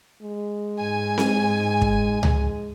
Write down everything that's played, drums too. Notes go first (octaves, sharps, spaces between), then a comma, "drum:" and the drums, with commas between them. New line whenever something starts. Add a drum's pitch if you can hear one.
G#3
G#2 G#5
drum: snare C4
drum: kick
G#3, drum: tom C#2